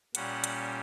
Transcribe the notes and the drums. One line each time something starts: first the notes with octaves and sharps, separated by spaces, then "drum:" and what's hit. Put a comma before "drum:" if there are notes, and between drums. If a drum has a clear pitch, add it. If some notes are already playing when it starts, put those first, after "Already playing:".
A#2 G3 C#4 F#5, drum: hi-hat
drum: hi-hat